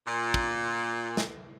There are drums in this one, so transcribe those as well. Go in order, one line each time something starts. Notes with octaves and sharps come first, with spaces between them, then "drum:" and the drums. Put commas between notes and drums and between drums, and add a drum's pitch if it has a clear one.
A#2
drum: kick
drum: snare